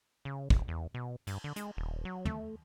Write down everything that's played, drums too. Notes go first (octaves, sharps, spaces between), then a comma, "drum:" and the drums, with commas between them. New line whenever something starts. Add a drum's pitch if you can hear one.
C#3
D1, drum: kick
E2
B2
G2, drum: cymbal
D3
G#3, drum: hi-hat
D#1
F#3
A3, drum: tom